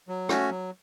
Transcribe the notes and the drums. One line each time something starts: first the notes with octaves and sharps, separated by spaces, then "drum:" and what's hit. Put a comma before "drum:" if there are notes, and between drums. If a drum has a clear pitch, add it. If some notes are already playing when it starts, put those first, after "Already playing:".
F#3
A3 C#4 F#4, drum: rim click
F#3